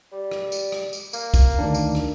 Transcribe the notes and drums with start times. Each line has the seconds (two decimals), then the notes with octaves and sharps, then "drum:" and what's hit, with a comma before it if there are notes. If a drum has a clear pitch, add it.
0.12 G3
0.32 drum: rim click
0.52 drum: tambourine
0.72 drum: rim click
0.93 drum: tambourine
1.13 A#3, drum: tambourine
1.34 drum: kick B1, tambourine
1.58 D2 D#3 D4
1.75 drum: tambourine
1.95 drum: rim click